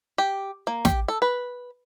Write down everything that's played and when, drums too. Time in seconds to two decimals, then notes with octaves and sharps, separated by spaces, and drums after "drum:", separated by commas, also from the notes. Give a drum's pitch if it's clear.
0.18 G4
0.67 A#3
0.85 G4, drum: snare
1.08 A4
1.22 B4